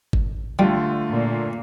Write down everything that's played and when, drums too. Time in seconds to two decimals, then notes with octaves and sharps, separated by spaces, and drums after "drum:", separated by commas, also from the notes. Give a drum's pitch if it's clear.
0.13 drum: kick G#1
0.59 D3 G3 A3 F4
1.08 A#2